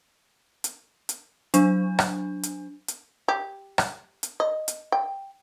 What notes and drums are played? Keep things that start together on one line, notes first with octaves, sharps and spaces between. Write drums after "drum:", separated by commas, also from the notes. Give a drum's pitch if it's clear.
drum: hi-hat
drum: hi-hat
F#3 D4, drum: hi-hat
drum: rim click
drum: hi-hat
drum: hi-hat
G4
drum: rim click
drum: hi-hat
D#5
drum: hi-hat
G5